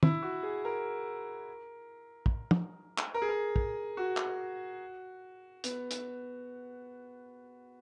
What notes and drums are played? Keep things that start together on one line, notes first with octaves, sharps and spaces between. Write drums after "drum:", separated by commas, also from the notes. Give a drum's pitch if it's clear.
E4, drum: tom
F#4
G#4
A#4
drum: kick
drum: tom
drum: clap
A#4
G#4
A#4
drum: kick
F#4
drum: clap
B3, drum: hi-hat
drum: hi-hat